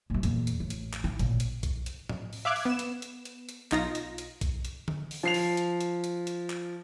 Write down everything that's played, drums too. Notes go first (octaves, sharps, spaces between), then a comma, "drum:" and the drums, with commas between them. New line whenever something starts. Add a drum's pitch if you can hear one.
F#2 A#2
E2 A#2, drum: hi-hat
drum: hi-hat
A1
drum: hi-hat
drum: clap
E4
A1 A#2, drum: hi-hat
drum: hi-hat
drum: kick B1, hi-hat
drum: hi-hat
drum: tom A2
drum: open hi-hat
E5 F5 D6 F#6 G#6
drum: open hi-hat
B3 E7
drum: hi-hat
drum: hi-hat
drum: hi-hat
drum: hi-hat
B1 D#4 F4 A#6, drum: clap
drum: hi-hat
drum: hi-hat
drum: kick B1, hi-hat
drum: hi-hat
drum: tom D3
drum: open hi-hat
F3 C7 F7
drum: open hi-hat
drum: hi-hat
drum: hi-hat
drum: hi-hat
drum: hi-hat
drum: clap